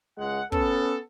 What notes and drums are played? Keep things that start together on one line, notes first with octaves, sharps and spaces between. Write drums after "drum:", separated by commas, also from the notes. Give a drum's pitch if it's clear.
C#2 G#3 F#5
B3 C#4 A4, drum: kick